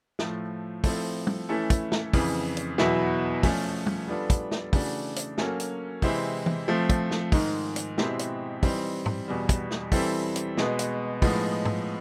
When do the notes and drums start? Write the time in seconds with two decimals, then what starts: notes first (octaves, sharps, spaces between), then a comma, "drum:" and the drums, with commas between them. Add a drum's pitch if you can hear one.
0.19 A2 F3 A3, drum: snare
0.84 F3 A3 C4 E4 A4, drum: kick, open hi-hat
1.27 drum: tom
1.49 E3 A3 C#4 E4 A4
1.70 drum: kick, hi-hat
1.92 drum: snare
2.13 F2 C#3 E3, drum: kick, open hi-hat
2.57 drum: hi-hat
2.78 E2 B2 F#3 B3 E4, drum: snare
3.43 F3 A3 C#4, drum: kick, open hi-hat
3.87 drum: tom
4.08 G3 B3 D4 F4 A4
4.30 drum: kick, hi-hat
4.51 drum: snare
4.73 C#3 E3 A3 D4 F#4, drum: kick, open hi-hat
5.16 drum: hi-hat
5.38 F#3 A#3 C#4 F#4 A4, drum: snare
5.60 drum: hi-hat
6.02 C3 E3 G#3 C4 E4, drum: kick, open hi-hat
6.46 drum: tom
6.68 F3 A3 C4
6.89 drum: kick, hi-hat
7.11 drum: snare
7.32 G#2 D#3 G#3, drum: kick, open hi-hat
7.76 drum: hi-hat
7.98 B2 G#3 C4 E4 G4, drum: snare
8.19 drum: hi-hat
8.63 E3 G3 C4 D#4, drum: kick, open hi-hat
9.06 drum: tom G#2
9.28 E2 B2 G3
9.49 drum: kick, hi-hat
9.71 drum: snare
9.92 E3 G3 C4 E4 A4, drum: kick, open hi-hat
10.36 drum: hi-hat
10.57 B2 G#3 B3, drum: snare
10.79 drum: hi-hat
11.22 A2 F3 G#3 B3 D#4, drum: kick, open hi-hat
11.65 drum: tom G#2